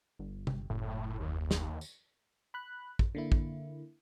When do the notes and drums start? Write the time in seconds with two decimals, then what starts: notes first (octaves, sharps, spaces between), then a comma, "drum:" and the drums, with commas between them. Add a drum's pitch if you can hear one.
0.19 G1
0.47 drum: tom
0.70 F#1 A2
1.20 D#2
1.51 drum: snare
1.81 drum: tambourine
2.54 B5 F#6
2.99 drum: kick
3.15 D3 A#3 E4
3.32 drum: kick